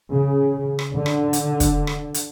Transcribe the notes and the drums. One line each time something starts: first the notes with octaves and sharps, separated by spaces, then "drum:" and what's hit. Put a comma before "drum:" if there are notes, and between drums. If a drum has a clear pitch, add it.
C#3
drum: rim click
D3
drum: rim click
drum: hi-hat
drum: kick, hi-hat
drum: rim click
drum: hi-hat